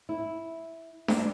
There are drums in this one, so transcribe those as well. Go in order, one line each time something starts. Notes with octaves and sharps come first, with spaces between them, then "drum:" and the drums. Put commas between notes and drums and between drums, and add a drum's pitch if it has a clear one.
E4
D4, drum: snare D4